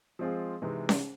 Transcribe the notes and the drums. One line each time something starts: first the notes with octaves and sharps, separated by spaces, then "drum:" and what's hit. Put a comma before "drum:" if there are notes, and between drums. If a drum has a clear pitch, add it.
F3 G#3 C4 F4 G#4
C3 E3 G#3 C4 D#4
drum: snare C#4